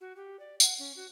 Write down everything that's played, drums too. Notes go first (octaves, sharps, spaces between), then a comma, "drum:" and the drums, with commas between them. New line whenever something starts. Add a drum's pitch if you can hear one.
F#4
G4
D5
F#5, drum: tambourine
C#4
F#4